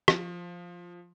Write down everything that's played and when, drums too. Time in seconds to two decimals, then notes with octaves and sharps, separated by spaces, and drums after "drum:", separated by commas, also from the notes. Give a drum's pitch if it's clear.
0.08 F3, drum: rim click